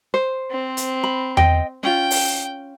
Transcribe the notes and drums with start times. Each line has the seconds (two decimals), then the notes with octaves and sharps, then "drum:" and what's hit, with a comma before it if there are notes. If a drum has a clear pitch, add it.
0.14 C5
0.51 C4
0.77 drum: hi-hat
1.03 B5
1.37 D#5 G5, drum: tom E2
1.83 C#4 F4 G5
2.11 drum: open hi-hat